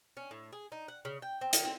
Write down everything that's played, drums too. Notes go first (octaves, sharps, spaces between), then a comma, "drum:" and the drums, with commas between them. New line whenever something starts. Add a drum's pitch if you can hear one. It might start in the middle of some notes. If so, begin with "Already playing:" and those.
C#4
A2
G#4
D#4
F#5
C#3
G5
C4
D#3, drum: hi-hat
C4